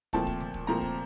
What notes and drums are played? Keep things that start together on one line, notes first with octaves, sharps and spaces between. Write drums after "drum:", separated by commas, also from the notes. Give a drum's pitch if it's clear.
A#2 F3 A3 C4 A5, drum: kick
drum: kick
drum: tom D3
drum: kick
A#2 F3 A3 C4 A#5
drum: kick